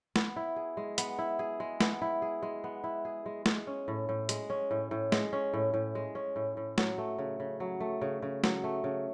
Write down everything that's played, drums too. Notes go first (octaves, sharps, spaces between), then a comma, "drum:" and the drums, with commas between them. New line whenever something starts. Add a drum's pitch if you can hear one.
B3, drum: snare
E4
G#4
G#3
B3, drum: hi-hat
E4
G#4
G#3
B3, drum: snare
E4
G#4
G#3
B3
E4
G#4
G#3
G#3, drum: snare
C#4
A2
A2
G#3, drum: hi-hat
C#4
A2
A2
G#3, drum: snare
C#4
A2
A2
G#3
C#4
A2
A2
F#3, drum: snare
A3
C#3
C#3
F#3
A3
C#3
C#3
F#3, drum: snare
A3
C#3